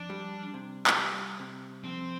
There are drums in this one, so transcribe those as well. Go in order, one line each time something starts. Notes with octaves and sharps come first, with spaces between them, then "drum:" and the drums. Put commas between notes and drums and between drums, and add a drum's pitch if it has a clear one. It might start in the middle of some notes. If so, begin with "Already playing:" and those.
Already playing: F2 D4
G3
C3
drum: clap
G3
C3
F2 C4